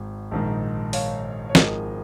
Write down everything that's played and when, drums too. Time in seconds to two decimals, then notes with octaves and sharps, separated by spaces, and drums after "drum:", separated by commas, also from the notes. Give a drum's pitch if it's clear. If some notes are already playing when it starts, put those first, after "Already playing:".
Already playing: G#1 G#2
0.31 A#1 G#2 D#3
0.93 C#5 F5, drum: open hi-hat
1.49 C#5
1.55 G#1 G#2 F3 G#3 A#4 D#5, drum: snare